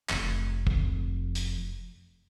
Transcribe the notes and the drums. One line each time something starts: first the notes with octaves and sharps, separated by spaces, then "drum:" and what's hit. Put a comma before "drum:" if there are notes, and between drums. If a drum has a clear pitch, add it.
F1 F2, drum: clap
drum: kick
drum: hi-hat